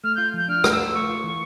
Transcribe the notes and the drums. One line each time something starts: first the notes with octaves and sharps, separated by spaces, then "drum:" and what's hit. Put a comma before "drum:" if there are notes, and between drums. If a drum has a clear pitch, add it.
A3 F6
F4 G6
F3 G6
D4 F6
A3, drum: rim click
E6
F4
A3 C#6
F4
E3